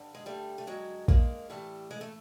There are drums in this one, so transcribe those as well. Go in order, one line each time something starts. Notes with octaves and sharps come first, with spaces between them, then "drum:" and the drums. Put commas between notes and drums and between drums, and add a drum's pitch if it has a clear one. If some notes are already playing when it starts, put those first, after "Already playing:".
Already playing: G2 D3
G#3
G3 A3
A3
F#3 G#3
G#3 A#3, drum: kick A#1
A2 E3 G3 A3
G#3
A3